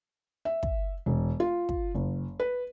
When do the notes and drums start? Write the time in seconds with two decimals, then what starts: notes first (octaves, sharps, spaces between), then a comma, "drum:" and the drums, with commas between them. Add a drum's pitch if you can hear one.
0.45 E5
0.63 drum: kick
1.06 E1
1.40 F4
1.69 drum: kick
1.95 F#1
2.40 B4